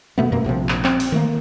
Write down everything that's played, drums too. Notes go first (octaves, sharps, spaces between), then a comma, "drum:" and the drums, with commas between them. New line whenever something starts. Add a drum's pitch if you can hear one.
B2 A3 B3
F#2 B2 A#3
A#1 C3 E3 F3
drum: clap
C4, drum: clap
drum: open hi-hat
D#3 A3 A#3